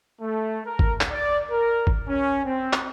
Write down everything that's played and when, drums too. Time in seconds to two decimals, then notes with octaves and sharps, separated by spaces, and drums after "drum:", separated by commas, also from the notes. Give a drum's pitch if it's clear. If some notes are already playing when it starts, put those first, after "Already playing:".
0.21 A3
0.66 A#4
0.79 drum: kick G#1
1.01 drum: clap
1.11 D5
1.51 A#4
1.87 drum: kick G#1
2.08 C#4
2.45 C4
2.73 drum: clap